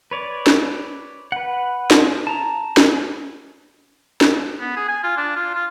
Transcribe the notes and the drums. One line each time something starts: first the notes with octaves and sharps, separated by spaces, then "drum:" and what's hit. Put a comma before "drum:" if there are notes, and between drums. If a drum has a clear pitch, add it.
B4 C#5 D5
drum: snare
B4 F#5
drum: snare
A5 A#5
drum: snare
drum: snare
B3
G#4
G#5
F4
D4
F4
F4